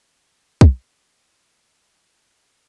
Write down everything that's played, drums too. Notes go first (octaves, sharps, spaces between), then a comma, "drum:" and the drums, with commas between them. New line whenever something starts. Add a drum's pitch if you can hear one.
drum: kick
B4 C#5 F#5 G#5
D#2 A#2 B3
A#3 D#4 G4 A#4 D#5 E5